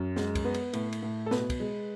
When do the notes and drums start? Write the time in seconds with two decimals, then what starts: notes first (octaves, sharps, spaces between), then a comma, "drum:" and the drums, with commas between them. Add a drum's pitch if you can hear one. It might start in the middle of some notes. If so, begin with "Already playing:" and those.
Already playing: F#2
0.16 G#3, drum: snare
0.35 drum: kick, cymbal
0.44 B3
0.54 drum: cymbal
0.73 A2, drum: cymbal
0.93 drum: cymbal
1.03 A2
1.26 A4
1.31 B2 B4, drum: snare
1.50 drum: kick, cymbal
1.60 G#3